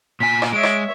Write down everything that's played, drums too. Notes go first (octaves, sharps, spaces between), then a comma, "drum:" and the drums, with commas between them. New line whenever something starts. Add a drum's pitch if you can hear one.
A#2 G#5 B6
drum: rim click
G#3 C#5 E5 D7
drum: rim click